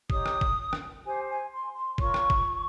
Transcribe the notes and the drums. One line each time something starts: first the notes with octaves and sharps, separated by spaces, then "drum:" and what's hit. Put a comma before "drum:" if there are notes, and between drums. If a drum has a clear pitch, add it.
D#4 G4 C#5 D#6, drum: kick
drum: rim click
drum: kick
drum: rim click
G4 C5 G#5
G#5
C6
C6
F4 A#4 C#5 C#6, drum: kick
drum: rim click
drum: kick